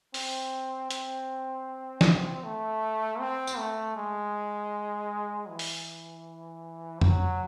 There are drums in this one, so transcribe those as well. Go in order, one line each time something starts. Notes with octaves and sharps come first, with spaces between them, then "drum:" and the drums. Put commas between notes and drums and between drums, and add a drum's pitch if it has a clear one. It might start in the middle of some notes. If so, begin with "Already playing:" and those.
C4, drum: open hi-hat
C4, drum: hi-hat
drum: snare
A3
C4
drum: tambourine
A3
G#3
E3
drum: open hi-hat
F#3, drum: tom F2